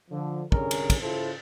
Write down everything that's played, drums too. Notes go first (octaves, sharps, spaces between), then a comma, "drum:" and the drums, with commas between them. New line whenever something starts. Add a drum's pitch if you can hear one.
D3 F3
C2 D3 C#4 G#4 A#4, drum: kick
drum: cymbal
drum: kick, cymbal
C#3 E4 F4 A4 C5